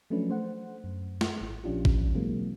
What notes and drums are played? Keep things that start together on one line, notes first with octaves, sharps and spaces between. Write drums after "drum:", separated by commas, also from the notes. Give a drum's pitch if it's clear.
F3 F#3 A3 C#4 D4 B4
A3 C5 F#5
F#2
drum: snare
G#1
A#1 F3 C#4 D4 F4 G4
drum: kick G#1
B2 E3 F#3 G#3 A#3 C4